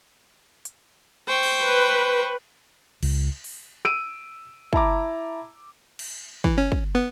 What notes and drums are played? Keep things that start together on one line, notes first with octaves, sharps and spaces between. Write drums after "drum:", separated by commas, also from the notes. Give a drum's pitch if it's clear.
drum: hi-hat
C5 G5 C#6
drum: cymbal
B4
C#2, drum: cymbal
drum: open hi-hat
E6 D7 D#7, drum: rim click
E4 A5 A#5 D6, drum: kick
drum: cymbal
E3, drum: kick
C#4
drum: kick
B3